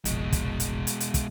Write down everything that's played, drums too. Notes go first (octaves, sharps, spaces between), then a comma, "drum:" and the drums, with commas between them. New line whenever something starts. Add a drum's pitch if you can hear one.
F1 A#1 B2 G#3, drum: hi-hat
drum: kick, hi-hat
drum: hi-hat
drum: hi-hat
drum: hi-hat
drum: kick, hi-hat